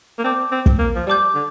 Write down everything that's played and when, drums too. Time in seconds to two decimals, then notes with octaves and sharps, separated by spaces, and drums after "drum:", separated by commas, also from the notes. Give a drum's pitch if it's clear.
0.19 A#3
0.24 C4 D5 A5 D6 G6
0.52 C4
0.66 drum: kick
0.79 A#3
0.95 F3
1.07 G3 D5 A5 D6 G6
1.35 D3